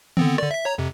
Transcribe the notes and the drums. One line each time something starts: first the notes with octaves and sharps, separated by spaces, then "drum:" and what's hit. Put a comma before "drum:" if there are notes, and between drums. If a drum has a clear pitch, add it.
D3 B3 C4, drum: tom D#3
D3 D5, drum: rim click
E5 B6
C#5 A#5
F2 C3